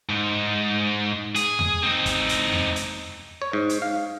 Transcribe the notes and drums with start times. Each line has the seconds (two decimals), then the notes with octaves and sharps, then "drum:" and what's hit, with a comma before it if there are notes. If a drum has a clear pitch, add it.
0.09 G#2
1.35 G#4, drum: hi-hat
1.59 drum: tom E2
1.83 C4 D#4
2.06 drum: kick, hi-hat
2.29 drum: hi-hat
2.52 drum: tom E2
2.76 drum: hi-hat
3.42 C#5
3.53 G#2
3.69 drum: hi-hat
3.82 F5